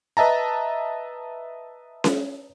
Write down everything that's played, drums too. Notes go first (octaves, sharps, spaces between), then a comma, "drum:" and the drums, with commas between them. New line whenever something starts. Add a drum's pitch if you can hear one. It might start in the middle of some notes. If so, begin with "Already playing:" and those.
B4 D#5 E5 A5 A#5
drum: snare C#4